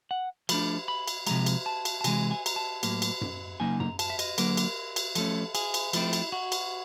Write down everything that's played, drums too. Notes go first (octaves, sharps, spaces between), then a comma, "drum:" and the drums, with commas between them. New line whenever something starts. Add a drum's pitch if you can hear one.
F#5
F3 A3 D4 B5, drum: cymbal
B5
drum: cymbal
C3 F3 G#3 A#5, drum: cymbal
drum: cymbal
A5
drum: cymbal
A5
C3 E3 G#3 G#5, drum: cymbal
G#5
A#5, drum: cymbal
A5
A2 F#3 A#3, drum: cymbal
drum: cymbal
drum: tom F#2
C#3 F#3 A#3 D#4 G#5
A#5, drum: tom F#2
A5, drum: cymbal
E5
D#5, drum: cymbal
D3 F#3 A#3 A#4, drum: cymbal
drum: cymbal
drum: cymbal
F3 A3 C#4 A4, drum: cymbal
G#4, drum: cymbal
drum: cymbal
F3 A3 C4 E4, drum: cymbal
drum: cymbal
F#4
drum: cymbal